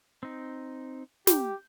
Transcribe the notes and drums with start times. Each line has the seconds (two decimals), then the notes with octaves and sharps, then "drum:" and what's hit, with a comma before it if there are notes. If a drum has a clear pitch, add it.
0.23 C4 D#4
1.27 G4 G6, drum: snare